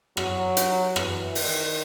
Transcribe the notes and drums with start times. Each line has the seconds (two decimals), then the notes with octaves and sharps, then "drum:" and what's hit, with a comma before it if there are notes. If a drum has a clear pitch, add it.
0.17 F#3, drum: rim click
0.57 drum: hi-hat
0.96 E3, drum: rim click
1.35 D#3, drum: open hi-hat